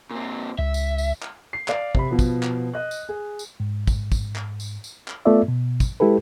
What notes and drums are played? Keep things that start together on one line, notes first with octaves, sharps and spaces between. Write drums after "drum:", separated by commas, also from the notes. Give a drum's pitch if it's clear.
A#2 C4
C#2 E5
drum: tambourine
drum: tambourine
drum: clap
C7
D5 F5, drum: clap
C3 B5, drum: kick
B2 F3 B3
drum: kick, tambourine
drum: clap
D#5 F#6
drum: tambourine
G#4
drum: tambourine
G#2
drum: kick, tambourine
drum: kick, tambourine
drum: clap
drum: tambourine
drum: tambourine
drum: clap
A3 B3 F4 A4 D5 E5
B2
drum: kick, tambourine
G#3 E4 G4 A4 B4